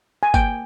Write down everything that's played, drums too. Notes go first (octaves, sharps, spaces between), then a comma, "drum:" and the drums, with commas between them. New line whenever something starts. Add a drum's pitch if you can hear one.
G#5
A#3 G5, drum: kick G1, tambourine